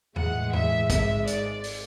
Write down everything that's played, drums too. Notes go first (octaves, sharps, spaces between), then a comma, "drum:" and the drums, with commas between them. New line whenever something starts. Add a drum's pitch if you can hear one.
A2 E3 G#3 F#5, drum: tom E2
E5, drum: tom E2
G#1 G#2 G#3 E5, drum: kick, hi-hat
D5, drum: hi-hat
drum: open hi-hat